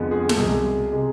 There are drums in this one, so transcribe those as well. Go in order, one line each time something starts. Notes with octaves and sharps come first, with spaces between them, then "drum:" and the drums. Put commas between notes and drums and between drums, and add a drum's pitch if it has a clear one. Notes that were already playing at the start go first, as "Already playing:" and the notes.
Already playing: F2 D3 G#3 B3
G#4
A4, drum: snare
C2 B2 G#3 G#4
C3 G#3